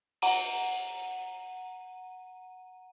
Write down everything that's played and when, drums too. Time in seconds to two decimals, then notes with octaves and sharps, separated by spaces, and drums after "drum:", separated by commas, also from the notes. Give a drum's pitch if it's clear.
0.22 F#5 A#5 D#7, drum: open hi-hat